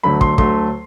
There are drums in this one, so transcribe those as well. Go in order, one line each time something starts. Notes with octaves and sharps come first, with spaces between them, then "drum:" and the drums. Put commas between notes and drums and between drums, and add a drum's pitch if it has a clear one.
D2 D3 F#3 A3 B5
C6, drum: kick
D2 D3 F#3 A3 C6, drum: kick